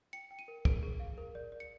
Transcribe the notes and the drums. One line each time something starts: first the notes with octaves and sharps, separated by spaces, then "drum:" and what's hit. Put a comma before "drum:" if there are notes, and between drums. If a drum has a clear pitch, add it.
G5 C#7
G5
D#7
A#4
G#4 D7, drum: kick
G#4
F5
A#4
D5
D5
C#7